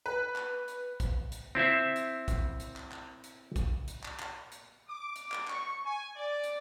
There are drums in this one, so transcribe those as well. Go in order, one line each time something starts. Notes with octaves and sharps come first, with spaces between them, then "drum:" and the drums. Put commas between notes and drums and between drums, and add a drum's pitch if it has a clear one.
B4
drum: clap
drum: hi-hat
drum: kick, hi-hat
drum: hi-hat
C4 E4 C5 E5
drum: hi-hat
drum: kick, hi-hat
drum: hi-hat
drum: clap
drum: clap
drum: hi-hat
drum: kick, hi-hat
drum: hi-hat
drum: clap
drum: clap
drum: hi-hat
D6
drum: hi-hat
drum: clap
C#6, drum: clap
G#5
D5
drum: hi-hat